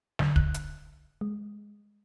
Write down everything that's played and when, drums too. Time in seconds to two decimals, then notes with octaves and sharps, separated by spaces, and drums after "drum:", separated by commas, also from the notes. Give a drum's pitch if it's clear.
0.19 D3, drum: snare
0.36 F#6, drum: kick
0.54 drum: hi-hat
1.21 G#3